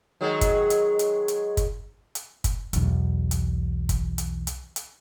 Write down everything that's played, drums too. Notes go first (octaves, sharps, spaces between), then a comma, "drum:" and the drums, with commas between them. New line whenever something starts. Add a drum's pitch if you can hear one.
D#3 F#3 G#3
drum: kick, hi-hat
drum: hi-hat
drum: hi-hat
drum: hi-hat
drum: kick, hi-hat
drum: hi-hat
drum: kick, hi-hat
B1 E2, drum: hi-hat
drum: hi-hat
drum: kick, hi-hat
drum: hi-hat
drum: hi-hat
drum: hi-hat